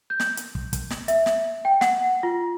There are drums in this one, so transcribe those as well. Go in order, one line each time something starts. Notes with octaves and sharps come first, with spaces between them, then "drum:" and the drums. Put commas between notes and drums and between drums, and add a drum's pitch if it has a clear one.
G6
drum: snare
drum: hi-hat
drum: kick
drum: kick, hi-hat
drum: snare
E5, drum: hi-hat
drum: snare
G5
F#5, drum: snare
F4